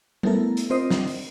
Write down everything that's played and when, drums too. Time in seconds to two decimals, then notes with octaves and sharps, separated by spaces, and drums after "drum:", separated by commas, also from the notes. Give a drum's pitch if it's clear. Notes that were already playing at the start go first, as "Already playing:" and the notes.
0.23 A3 B3 E4 A4 A#4, drum: tom G3
0.57 drum: hi-hat
0.70 C4 F4 A#4 C5 D5 D#5
0.90 drum: snare
1.07 drum: open hi-hat